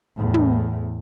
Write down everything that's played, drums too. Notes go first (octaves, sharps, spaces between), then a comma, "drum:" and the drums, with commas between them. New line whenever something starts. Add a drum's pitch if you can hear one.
E2 A2
drum: tom